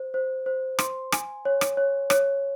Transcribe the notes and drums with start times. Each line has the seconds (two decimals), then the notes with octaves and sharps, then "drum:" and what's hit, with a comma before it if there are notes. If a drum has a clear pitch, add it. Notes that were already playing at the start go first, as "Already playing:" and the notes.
Already playing: C5
0.14 C5
0.46 C5
0.79 C6, drum: rim click
1.12 G#5, drum: rim click
1.45 C#5
1.61 drum: rim click
1.77 C#5
2.10 C#5, drum: rim click